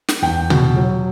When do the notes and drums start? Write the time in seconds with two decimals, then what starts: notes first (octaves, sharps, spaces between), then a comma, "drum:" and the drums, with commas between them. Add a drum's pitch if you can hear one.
0.09 drum: snare
0.22 E2 G5
0.50 B2, drum: tom C3
0.76 F#3